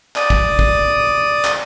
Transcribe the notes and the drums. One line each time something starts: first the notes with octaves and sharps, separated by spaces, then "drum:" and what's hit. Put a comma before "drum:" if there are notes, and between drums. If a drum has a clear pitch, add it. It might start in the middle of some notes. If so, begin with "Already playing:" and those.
D5 D#6, drum: clap
drum: kick
drum: kick
drum: clap